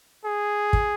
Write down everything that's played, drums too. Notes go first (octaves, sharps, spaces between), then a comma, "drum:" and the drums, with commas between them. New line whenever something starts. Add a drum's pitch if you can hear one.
G#4
drum: kick